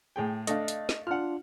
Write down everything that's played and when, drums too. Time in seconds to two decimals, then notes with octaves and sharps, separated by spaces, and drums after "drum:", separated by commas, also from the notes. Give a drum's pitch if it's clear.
0.16 A2 G#4 G5
0.47 A3 D4 D#5 F5, drum: hi-hat
0.68 drum: hi-hat
0.89 drum: snare
1.07 D4 F4 F#5 F6